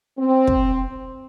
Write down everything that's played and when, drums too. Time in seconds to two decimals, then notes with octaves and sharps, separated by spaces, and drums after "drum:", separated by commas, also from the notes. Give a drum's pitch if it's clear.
0.19 C4
0.47 drum: kick